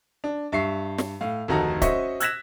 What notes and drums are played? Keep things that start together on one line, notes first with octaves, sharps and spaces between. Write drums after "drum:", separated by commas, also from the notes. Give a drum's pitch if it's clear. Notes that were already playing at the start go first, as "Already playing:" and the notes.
D4
G2 E5 C#6 C7
drum: snare
A2 F5
F1 D2 D#3 F#4 A5 A#5
C#4 F#4 C5 D#5 E5 C#6, drum: kick, hi-hat
E6 F#6 G#6 A#6 B6 E7, drum: hi-hat